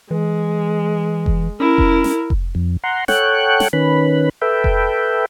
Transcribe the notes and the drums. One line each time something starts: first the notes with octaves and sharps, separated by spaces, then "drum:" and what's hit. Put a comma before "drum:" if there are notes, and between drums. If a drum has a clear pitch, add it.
E3 G#3
drum: kick F1
C#4 E4 A#4
drum: kick F1
drum: snare
drum: kick F1
F2
F#5 A#5 C6
A4 C#5 F#5 G5 F#6, drum: snare
drum: snare
D#3 C#4 B4 B5
A4 B4 E5 G5
drum: kick F1